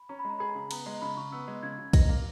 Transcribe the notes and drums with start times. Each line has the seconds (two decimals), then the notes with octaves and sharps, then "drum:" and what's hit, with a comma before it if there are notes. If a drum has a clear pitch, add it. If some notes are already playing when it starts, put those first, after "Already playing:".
Already playing: B5
0.09 C#4 A#5
0.19 B5
0.25 G#3 A#5
0.39 G#4 B5
0.49 A#5
0.55 C#3
0.71 B3 A#5, drum: cymbal
0.86 G#3 A#5
1.01 C#3 B5
1.17 C#3 C#6
1.32 B3 E6
1.48 G#3
1.63 C#3 G#6
1.79 C#3
1.93 D#4 A#6, drum: kick, cymbal
2.09 A#3